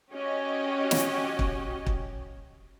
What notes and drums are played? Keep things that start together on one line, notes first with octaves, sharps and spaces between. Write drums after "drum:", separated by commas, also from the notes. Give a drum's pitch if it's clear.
C#4 F#4 G4 D#5
drum: snare
drum: kick
drum: kick